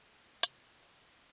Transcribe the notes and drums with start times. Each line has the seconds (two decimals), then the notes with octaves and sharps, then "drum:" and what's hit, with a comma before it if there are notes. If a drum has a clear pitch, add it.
0.25 B1
0.43 C3, drum: hi-hat
0.74 F5
0.90 A#5
1.06 D7